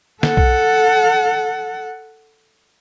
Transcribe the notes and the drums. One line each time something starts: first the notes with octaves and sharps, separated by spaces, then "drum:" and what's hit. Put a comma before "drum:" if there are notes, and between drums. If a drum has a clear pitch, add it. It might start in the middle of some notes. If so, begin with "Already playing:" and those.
A4 F#5, drum: snare A#3
drum: kick B1